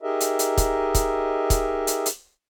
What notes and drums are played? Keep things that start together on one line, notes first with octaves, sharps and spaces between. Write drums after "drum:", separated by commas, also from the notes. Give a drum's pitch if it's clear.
D#4 G4 G#4 A#4 D#5 E5
drum: hi-hat
drum: hi-hat
drum: kick, hi-hat
drum: kick, hi-hat
drum: kick, hi-hat
drum: hi-hat
drum: hi-hat